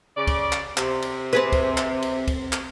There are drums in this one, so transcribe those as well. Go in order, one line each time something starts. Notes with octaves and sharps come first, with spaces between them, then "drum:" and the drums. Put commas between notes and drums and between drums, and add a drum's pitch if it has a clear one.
C#3 D5
drum: kick, cymbal
drum: clap
C3, drum: clap
drum: cymbal
C4 G#4 B4
drum: kick, cymbal
drum: clap
drum: cymbal
drum: kick, cymbal
drum: clap